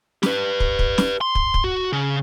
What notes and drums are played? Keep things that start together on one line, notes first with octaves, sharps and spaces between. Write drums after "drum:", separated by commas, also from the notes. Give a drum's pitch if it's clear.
G4 B4, drum: snare
drum: kick
drum: kick
drum: snare
C6
drum: kick
drum: kick
F#4
C#3